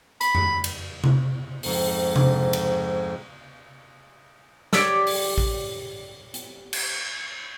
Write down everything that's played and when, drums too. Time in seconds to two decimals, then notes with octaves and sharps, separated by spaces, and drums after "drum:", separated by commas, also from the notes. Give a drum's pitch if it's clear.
0.21 B5, drum: hi-hat
0.35 drum: tom F2
0.64 drum: cymbal
1.04 drum: tom C3
1.63 F2 G#2, drum: open hi-hat
2.16 drum: tom C3
2.53 drum: cymbal
4.73 G4 C#5 D5 E6, drum: snare
5.07 drum: open hi-hat
5.38 drum: kick A1
6.34 drum: hi-hat
6.73 drum: cymbal